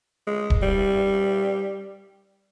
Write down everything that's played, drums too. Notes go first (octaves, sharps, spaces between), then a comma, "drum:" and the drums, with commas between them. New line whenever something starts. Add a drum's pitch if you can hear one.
G#3
drum: kick D#1
G3